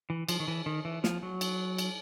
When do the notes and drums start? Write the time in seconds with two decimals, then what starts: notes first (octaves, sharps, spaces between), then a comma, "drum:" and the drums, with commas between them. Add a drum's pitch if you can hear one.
0.10 E3
0.29 F3, drum: cymbal
0.40 D#3
0.48 E3
0.66 D#3
0.85 E3
1.04 F3, drum: snare
1.23 F#3
1.41 drum: cymbal
1.78 drum: cymbal